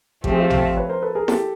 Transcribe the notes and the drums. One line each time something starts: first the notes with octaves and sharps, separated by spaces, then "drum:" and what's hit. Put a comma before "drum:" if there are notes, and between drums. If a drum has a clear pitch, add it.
F3 A3 C4 G4, drum: kick A1
G#4
F4 G4
drum: tom
B4 C#5
A#4 C5
A4 B4
G#4 A#4
G4 A4, drum: snare E4